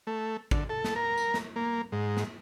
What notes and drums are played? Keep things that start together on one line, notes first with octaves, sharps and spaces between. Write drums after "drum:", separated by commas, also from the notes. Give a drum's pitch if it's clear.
A3
D3, drum: kick
A4
drum: snare
A#4
drum: tambourine
drum: snare
A#3
G#2
drum: snare